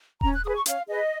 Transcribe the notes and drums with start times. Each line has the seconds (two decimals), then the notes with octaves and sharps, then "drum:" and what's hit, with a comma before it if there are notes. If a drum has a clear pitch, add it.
0.21 C#4 A#5, drum: kick D#1
0.33 F#6
0.43 G#4 B4 D#6
0.54 C#6
0.66 C#4 F5, drum: hi-hat
0.87 G#4 B4 D#5